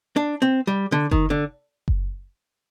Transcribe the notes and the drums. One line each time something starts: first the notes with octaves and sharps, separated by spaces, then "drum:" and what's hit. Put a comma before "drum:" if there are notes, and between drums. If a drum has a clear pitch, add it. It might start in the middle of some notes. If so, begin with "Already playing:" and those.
D4
C4
G3
D3
D#3, drum: kick F#1
D3
drum: kick F#1